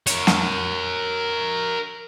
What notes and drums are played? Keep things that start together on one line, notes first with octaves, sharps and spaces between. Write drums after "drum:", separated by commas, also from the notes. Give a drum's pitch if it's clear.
A#4 C#5, drum: hi-hat
drum: snare